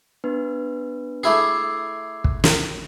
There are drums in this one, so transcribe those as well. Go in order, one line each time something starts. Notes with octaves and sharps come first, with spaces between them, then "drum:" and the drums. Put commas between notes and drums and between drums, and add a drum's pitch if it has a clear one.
B3 D4 B4
A3 E4 G#4 D6 E6 C7
drum: kick
drum: snare